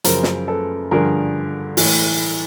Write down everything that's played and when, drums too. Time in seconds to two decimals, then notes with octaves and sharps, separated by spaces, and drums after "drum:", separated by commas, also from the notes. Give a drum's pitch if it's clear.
0.04 F#2 C#3 F3 A#4 C5, drum: hi-hat
0.23 drum: snare
0.48 A4 B4
0.91 G2 D3 F3 G#4 A#4
1.77 A2 E3, drum: open hi-hat